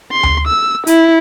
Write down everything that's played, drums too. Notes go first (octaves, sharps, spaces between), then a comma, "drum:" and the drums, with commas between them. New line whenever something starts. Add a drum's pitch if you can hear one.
C6
drum: tom D2
E6
E4, drum: hi-hat